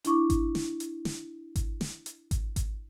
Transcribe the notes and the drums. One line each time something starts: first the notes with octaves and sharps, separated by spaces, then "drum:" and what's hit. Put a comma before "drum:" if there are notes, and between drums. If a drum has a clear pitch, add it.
D4 E4 C#6 D6, drum: hi-hat
drum: kick G#1, hi-hat
drum: snare
drum: hi-hat
drum: snare
drum: kick G#1, hi-hat
drum: snare
drum: hi-hat
drum: kick G#1, hi-hat
drum: kick G#1, hi-hat